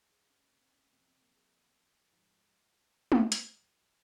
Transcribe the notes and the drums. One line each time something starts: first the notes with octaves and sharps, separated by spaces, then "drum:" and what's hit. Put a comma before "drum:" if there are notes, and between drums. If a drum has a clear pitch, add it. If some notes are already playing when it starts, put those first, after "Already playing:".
Already playing: F#2 F3 G#3 F4 G#4
G#4
C#4
A#3
C4
C#4
F2 C3 F3 C4
C4
A#3
G#4
G#2 F3 G#3
drum: tom
G#2 F3 G#3, drum: hi-hat